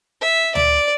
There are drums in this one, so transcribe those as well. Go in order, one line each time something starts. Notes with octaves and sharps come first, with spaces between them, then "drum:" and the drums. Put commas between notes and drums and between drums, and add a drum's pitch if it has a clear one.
E5
D5, drum: tom D2